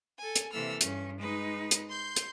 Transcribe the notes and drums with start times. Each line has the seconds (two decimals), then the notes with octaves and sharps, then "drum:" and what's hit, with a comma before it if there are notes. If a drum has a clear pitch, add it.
0.18 A4 G#5
0.36 drum: hi-hat
0.51 C3 E3 A#3 A4 E6 F6
0.81 G2 C#4, drum: hi-hat
1.18 G#3 D#4 B4
1.71 drum: hi-hat
1.87 C6 G6
2.16 drum: hi-hat